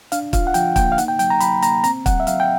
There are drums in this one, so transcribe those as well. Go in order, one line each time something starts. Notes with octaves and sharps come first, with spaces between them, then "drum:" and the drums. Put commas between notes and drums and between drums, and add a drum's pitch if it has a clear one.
D4 F5, drum: hi-hat
F4 F5, drum: kick, hi-hat
F#5
F3 G5, drum: hi-hat
A#3 G5, drum: kick, hi-hat
F5
D#4 F#5, drum: hi-hat
G5
F#3 G5, drum: hi-hat
A#5
F#3 B5, drum: hi-hat
A#3 A#5, drum: hi-hat
C4 A#5, drum: hi-hat
F#3 F#5, drum: kick, hi-hat
E5
F#3 F5, drum: hi-hat
G5